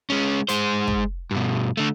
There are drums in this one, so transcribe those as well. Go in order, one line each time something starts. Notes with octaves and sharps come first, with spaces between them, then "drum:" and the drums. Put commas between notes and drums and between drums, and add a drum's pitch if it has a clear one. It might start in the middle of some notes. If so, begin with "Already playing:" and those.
G#3 C#4
G#3 C5, drum: hi-hat
drum: kick
G2 B2
D3 A3